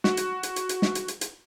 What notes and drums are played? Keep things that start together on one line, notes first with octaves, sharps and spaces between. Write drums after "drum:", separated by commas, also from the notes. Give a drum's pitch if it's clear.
F#4, drum: snare
drum: hi-hat
drum: hi-hat
drum: hi-hat
drum: hi-hat
drum: snare
drum: hi-hat
drum: hi-hat
drum: hi-hat